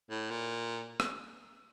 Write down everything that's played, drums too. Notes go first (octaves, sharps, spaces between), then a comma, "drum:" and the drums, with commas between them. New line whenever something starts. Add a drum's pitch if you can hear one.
A2
A#2
drum: rim click